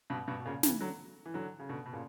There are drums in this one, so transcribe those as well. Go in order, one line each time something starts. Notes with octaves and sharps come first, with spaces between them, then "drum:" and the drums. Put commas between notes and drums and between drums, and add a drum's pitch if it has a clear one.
G2 B2
G2 B2
B2
A#2 C#3
C#3 E3, drum: snare
D3 F#3
E3
D3 F#3
C#3
B2 D3
B2
A#2 C#3